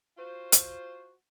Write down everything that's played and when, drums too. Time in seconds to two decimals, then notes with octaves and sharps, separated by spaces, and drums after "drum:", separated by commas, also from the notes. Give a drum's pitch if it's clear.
0.18 F4 F#4 C5
0.52 drum: hi-hat